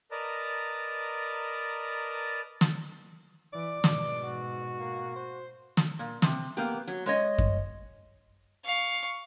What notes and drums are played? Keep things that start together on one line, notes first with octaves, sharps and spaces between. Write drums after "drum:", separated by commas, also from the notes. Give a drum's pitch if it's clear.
A#4 B4 D5 D#5 A5 A#5
drum: snare
E3 D5
G#2 B2, drum: snare
F#4
A#3
C5
drum: snare
A#2
C3, drum: snare
A#3 B3 G4
F#3
G#3 C#5 D#5
drum: kick F#2
F5 C#6